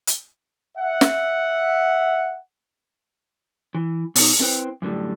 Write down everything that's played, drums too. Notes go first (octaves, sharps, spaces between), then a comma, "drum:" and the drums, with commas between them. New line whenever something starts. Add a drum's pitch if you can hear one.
drum: hi-hat
E5 F#5
drum: snare
E3
B2 D#4, drum: open hi-hat
A3 C4 E4 B4 C5 G5
F#2 A2 D3 G3